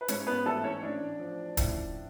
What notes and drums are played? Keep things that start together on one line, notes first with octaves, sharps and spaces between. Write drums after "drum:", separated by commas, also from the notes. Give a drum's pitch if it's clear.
B4
G#2 C#4 C#5, drum: hi-hat
B3 B4
A1 A3 A4
C#4 C#5
A1 D4 D5
F3
A2, drum: kick, hi-hat